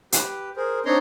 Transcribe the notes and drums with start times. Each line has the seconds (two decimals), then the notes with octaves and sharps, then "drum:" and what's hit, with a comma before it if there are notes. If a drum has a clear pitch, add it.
0.12 G4 B4, drum: hi-hat
0.56 G#4 A#4 C5
0.85 C4 D4 D#4 C#5 A#5 C6